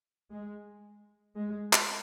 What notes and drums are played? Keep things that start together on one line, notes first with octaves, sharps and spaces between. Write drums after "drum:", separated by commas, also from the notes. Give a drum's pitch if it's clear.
G#3
G#3
drum: clap